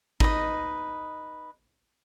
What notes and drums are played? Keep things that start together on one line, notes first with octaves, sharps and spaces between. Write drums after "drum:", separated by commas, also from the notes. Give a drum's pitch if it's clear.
D#4 B4 D#5, drum: kick G#1